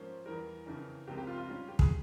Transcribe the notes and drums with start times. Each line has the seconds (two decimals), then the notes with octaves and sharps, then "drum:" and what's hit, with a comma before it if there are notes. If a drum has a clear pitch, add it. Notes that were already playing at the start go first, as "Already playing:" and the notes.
Already playing: G#2 F3 A#3 C#4 C5
0.26 E2 E3 G3 A#4
0.66 F2 C#3 E3 A#3 C#4
1.07 C#2 C3 F3 A#3 G4
1.18 G4
1.27 F4
1.38 F4
1.48 G#2 G3 C#4 F4
1.68 G4
1.79 G#4, drum: kick